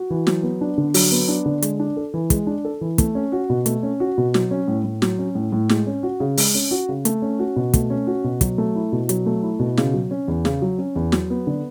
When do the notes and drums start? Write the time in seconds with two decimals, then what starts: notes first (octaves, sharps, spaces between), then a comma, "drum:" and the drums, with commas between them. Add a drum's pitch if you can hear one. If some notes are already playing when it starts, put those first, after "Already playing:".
Already playing: F#4
0.10 E3
0.27 F#3, drum: snare
0.43 B3
0.61 D4
0.78 D3
0.94 F#3, drum: open hi-hat
1.12 B3
1.28 D4
1.46 D3
1.62 G#3, drum: hi-hat
1.80 D4
1.97 A4
2.14 E3
2.30 G#3, drum: kick, hi-hat
2.47 D4
2.65 A4
2.81 E3
2.98 A3, drum: kick, hi-hat
3.15 C#4
3.32 F#4
3.50 B2
3.66 A3, drum: hi-hat
3.83 C#4
4.00 F#4
4.18 B2
4.34 F#3, drum: snare
4.51 C#4
4.68 A2
4.84 A2
5.02 F#3, drum: snare
5.19 C#4
5.35 A2
5.52 A2
5.69 G#3, drum: snare
5.87 C#4
6.03 F#4
6.20 C#3
6.37 G#3, drum: open hi-hat
6.55 C#4
6.71 F#4
6.89 C#3
7.05 A3, drum: hi-hat
7.22 C#4
7.39 F#4
7.56 B2
7.74 A3, drum: kick, hi-hat
7.90 C#4
8.07 F#4
8.24 B2
8.41 F#3, drum: kick, hi-hat
8.58 A3
8.75 E4
8.92 B2
9.09 F#3, drum: hi-hat
9.26 A3
9.43 E4
9.59 B2
9.77 C#3, drum: snare
9.94 F#3
10.11 C#4
10.28 E2
10.45 C#3, drum: snare
10.62 F#3
10.78 C#4
10.96 E2
11.12 F#3, drum: snare
11.30 B3
11.47 D3